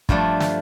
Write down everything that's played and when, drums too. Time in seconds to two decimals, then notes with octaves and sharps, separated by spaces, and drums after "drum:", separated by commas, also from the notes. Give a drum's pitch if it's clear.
0.09 G2 F3 A3 D4, drum: kick
0.40 drum: snare